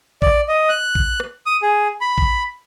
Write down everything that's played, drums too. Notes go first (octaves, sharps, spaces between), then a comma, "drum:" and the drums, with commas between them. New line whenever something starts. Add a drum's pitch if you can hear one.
D5, drum: kick
D#5
F#6
drum: kick
drum: rim click
D#6
G#4
B5
drum: kick